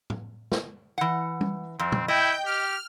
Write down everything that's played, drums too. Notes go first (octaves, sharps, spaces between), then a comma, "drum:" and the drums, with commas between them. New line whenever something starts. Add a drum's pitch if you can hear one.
drum: tom A2
drum: snare
E3 F#5
drum: tom
F2 C4
drum: tom
E4 D#5 G5 G6
G4 F6